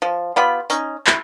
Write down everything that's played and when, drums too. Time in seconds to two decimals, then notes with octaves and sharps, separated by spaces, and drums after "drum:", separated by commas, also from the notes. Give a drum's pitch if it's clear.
0.02 F3
0.36 B3 F4 G4 B5
0.70 C#4 D#4, drum: tambourine
1.07 E4, drum: clap